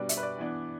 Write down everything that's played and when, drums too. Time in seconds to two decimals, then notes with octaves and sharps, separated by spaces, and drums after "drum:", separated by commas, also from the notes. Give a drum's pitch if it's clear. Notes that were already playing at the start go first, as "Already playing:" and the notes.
Already playing: B2 G3 D4 B4 D5
0.09 E5, drum: hi-hat
0.17 B4
0.23 D5
0.38 E3 B3 D4